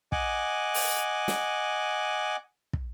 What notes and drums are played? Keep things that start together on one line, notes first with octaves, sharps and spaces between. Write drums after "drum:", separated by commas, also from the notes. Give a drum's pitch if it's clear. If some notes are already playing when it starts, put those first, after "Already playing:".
D#5 F#5 G#5 D6, drum: kick
drum: open hi-hat
drum: snare
drum: kick